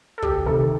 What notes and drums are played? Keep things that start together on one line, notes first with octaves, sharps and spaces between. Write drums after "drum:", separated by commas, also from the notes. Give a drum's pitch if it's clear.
A4
D2 G4, drum: kick
C3 D#3 A4